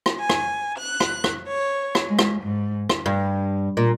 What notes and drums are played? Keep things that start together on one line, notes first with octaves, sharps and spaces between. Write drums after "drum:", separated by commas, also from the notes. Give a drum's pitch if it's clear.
drum: rim click
G#5
drum: rim click
F#6
drum: rim click
drum: rim click
C#5
drum: rim click
G#3
drum: rim click
G#2
drum: rim click
G2
A#2